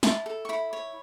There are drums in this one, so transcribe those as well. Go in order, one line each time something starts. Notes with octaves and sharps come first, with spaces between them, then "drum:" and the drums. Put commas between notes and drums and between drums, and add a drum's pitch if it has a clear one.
E4 A5, drum: snare
A4
C#6
E4 B5
C#5